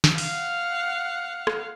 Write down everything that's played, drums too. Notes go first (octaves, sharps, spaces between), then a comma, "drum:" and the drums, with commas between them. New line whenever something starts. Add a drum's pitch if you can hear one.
drum: snare
F5 F#5, drum: open hi-hat
drum: rim click